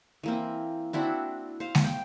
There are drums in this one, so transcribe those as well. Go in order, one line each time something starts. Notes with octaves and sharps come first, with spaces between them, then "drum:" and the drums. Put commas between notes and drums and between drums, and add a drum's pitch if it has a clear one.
E3 A#3 C4
C4 D4 E4 F#4
C5 F5
drum: snare G#3
G5